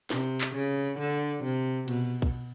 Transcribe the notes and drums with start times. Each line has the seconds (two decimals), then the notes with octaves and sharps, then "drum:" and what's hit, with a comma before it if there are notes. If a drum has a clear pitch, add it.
0.10 C3, drum: snare
0.41 drum: clap
0.54 C#3
0.98 D3
1.43 C3
1.88 B2, drum: cymbal
2.22 drum: kick